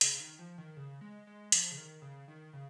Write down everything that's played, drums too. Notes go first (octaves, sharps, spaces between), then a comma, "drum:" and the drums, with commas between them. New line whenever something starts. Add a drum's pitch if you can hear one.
C#3, drum: hi-hat
C#3
D#3
F3
D#3
C#3
G#3
G#3
F3, drum: hi-hat
C#3
D#3
C#3
D#3
C#3